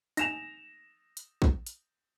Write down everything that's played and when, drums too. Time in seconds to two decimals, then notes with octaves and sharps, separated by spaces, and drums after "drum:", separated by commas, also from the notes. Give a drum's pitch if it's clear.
0.17 D#4 G#5 A#6 E7 F7, drum: hi-hat
1.17 drum: hi-hat
1.42 drum: kick
1.67 drum: hi-hat